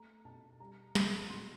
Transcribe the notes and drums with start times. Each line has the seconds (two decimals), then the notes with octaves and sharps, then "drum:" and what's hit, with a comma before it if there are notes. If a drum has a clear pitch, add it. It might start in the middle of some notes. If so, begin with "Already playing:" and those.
Already playing: A3 A#5
0.25 B2 A5
0.60 G3 A#5
0.95 B3 B5, drum: snare
1.29 B2 C6